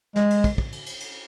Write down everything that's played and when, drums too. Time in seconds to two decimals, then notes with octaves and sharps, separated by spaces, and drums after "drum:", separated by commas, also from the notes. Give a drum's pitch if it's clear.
0.16 G#3, drum: snare
0.30 drum: cymbal
0.44 drum: kick, cymbal
0.58 drum: kick
0.72 drum: cymbal
0.86 drum: cymbal
1.00 drum: cymbal